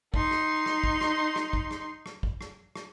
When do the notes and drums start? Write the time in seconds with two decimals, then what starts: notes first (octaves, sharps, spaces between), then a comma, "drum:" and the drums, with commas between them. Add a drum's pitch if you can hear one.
0.14 D#4 C6, drum: kick
0.31 drum: rim click
0.66 drum: rim click
0.83 drum: kick
1.01 drum: rim click
1.36 drum: rim click
1.53 drum: kick
1.71 drum: rim click
2.06 drum: rim click
2.23 drum: kick
2.41 drum: rim click
2.76 drum: rim click